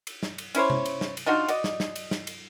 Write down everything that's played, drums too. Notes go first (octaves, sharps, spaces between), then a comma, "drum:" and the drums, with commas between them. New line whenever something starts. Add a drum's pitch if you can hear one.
drum: cymbal
drum: snare
drum: cymbal
C#4 E4 C5 C#5, drum: cymbal
drum: tom C3
drum: cymbal
drum: snare
drum: cymbal
D4 D#4 F4 F#4
F#4 D5 D#5, drum: cymbal
drum: snare
drum: snare
drum: cymbal
drum: snare
drum: cymbal